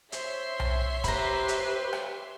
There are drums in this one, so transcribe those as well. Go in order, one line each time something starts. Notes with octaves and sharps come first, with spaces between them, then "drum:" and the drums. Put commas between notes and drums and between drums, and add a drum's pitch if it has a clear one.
C5 C#5 E5 C6, drum: hi-hat
drum: tom B1
G4 B4 C5 A#5 B5, drum: kick, hi-hat
drum: hi-hat
drum: rim click